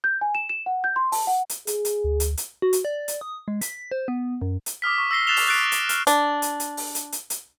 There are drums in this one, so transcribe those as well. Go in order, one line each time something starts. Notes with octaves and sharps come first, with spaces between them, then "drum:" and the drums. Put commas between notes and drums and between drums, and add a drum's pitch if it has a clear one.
G6
G#5
E7
E7
F#5
G6
C6
A5, drum: open hi-hat
F#5
drum: hi-hat
G#4, drum: hi-hat
drum: hi-hat
D2
drum: hi-hat
drum: hi-hat
F#4
drum: hi-hat
D5
drum: hi-hat
D#6
G#3
B6, drum: hi-hat
C5
B3
F#2
drum: hi-hat
D6 D#6 F6 B6
C#6
E6 A#6 C7 G7
F#6 A6 C7 E7 F7 G7
drum: open hi-hat
F#6 A6 B6 C7 D7
drum: hi-hat
F6, drum: hi-hat
D4, drum: hi-hat
drum: hi-hat
drum: hi-hat
drum: open hi-hat
drum: hi-hat
drum: hi-hat
drum: hi-hat